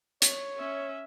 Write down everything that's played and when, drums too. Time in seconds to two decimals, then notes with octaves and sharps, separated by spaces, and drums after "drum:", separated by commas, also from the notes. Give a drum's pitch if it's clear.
0.22 C#5, drum: hi-hat
0.56 C#4 E5